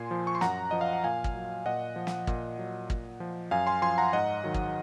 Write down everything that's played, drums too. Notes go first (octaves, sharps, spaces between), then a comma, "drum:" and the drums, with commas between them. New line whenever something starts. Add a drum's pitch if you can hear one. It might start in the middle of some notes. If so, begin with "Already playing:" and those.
Already playing: A#2 G#5 C6
F3
C#6
C6
F#2 F#5 A#5, drum: snare
F3 D#5
F5
F#5
A#2 F5 G#5
drum: kick
F#3
A#2 D#5 F#5
F3
drum: snare
A#2, drum: kick
F#3
A#2, drum: kick
F3
F#2 F5 G#5
G#5 C6
F3 G#5 C6
F#5 A#5
G#2 D#5 F#5
D#3 F#3
drum: kick